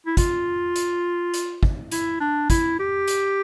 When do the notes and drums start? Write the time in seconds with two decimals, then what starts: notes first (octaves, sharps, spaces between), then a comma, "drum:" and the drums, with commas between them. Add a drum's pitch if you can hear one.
0.06 E4
0.17 F4, drum: kick, hi-hat
0.76 drum: hi-hat
1.34 drum: hi-hat
1.63 drum: kick
1.92 E4, drum: hi-hat
2.20 D4
2.50 E4, drum: kick, hi-hat
2.79 G4
3.08 drum: hi-hat